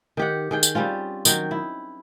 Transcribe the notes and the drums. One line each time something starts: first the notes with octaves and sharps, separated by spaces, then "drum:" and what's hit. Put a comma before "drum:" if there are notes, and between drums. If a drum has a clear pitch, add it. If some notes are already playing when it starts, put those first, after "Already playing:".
D#3 G4 F#5
D#3 G#4 G5
drum: tambourine
G3 C4 C#4 F4
D#3 F#3 G5, drum: tambourine
E4